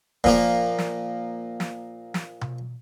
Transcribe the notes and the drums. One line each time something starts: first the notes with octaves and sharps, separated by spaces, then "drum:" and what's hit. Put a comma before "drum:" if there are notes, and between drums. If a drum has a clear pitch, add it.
A#2 F3 A#3, drum: kick
drum: snare
drum: snare
drum: snare
drum: tom B2